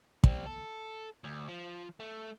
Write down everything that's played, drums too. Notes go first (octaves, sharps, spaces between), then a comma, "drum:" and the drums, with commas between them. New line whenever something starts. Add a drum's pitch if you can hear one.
G3 C4, drum: kick
A4
D2
F3
A3